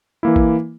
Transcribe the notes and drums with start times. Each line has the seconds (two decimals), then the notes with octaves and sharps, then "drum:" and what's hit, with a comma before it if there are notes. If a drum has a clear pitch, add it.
0.23 E3 A#3 E4
0.36 drum: kick G#1